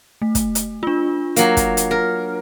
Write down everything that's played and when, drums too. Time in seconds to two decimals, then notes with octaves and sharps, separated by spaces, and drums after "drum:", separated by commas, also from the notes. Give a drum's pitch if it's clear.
0.22 A3
0.35 drum: kick, hi-hat
0.55 drum: hi-hat
0.83 D4 F4
1.36 F#3 A#3, drum: hi-hat
1.57 drum: kick, hi-hat
1.77 drum: hi-hat
1.91 A#4